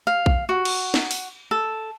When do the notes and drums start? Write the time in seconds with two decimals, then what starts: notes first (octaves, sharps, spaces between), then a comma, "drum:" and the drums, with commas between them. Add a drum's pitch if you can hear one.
0.07 F5
0.26 drum: kick A#1
0.49 F#4
0.65 drum: cymbal
0.94 drum: snare
1.11 drum: open hi-hat
1.51 A4